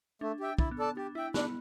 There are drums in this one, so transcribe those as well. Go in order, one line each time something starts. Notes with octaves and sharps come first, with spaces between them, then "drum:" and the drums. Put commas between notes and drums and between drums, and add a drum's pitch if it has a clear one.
A3 D4
G4 E5 G5
D4 E4, drum: kick
B3
A4 D5 A5
D4 G4
E4 E5 G5
B3 D4, drum: snare